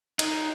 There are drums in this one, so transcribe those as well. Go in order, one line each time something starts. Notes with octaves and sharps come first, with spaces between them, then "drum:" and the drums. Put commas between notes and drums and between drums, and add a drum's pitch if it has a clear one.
D#4, drum: cymbal